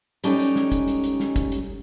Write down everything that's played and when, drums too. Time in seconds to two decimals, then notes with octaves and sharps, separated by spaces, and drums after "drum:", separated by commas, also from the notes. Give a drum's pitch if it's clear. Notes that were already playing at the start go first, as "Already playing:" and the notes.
0.24 G3 G#3 C#4 D#4 G4 A4, drum: hi-hat
0.40 drum: hi-hat
0.56 drum: snare
0.72 drum: kick, hi-hat
0.88 drum: hi-hat
1.04 drum: hi-hat
1.20 drum: snare
1.36 drum: kick, hi-hat
1.52 drum: hi-hat